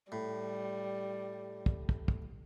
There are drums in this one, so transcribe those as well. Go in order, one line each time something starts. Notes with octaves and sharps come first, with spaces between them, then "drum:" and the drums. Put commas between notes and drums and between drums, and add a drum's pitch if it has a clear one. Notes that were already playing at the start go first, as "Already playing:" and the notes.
A2 G3
drum: kick
drum: kick
drum: kick